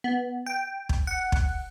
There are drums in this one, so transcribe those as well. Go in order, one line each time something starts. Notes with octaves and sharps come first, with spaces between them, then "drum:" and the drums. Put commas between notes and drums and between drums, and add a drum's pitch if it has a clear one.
B3
G5
drum: kick
F#5
drum: kick